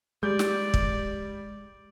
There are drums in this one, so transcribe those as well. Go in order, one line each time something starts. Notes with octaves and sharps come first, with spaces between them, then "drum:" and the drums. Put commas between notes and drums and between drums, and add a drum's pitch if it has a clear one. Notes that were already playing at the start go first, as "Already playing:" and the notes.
G3 G#3 D5 G6
drum: snare
drum: kick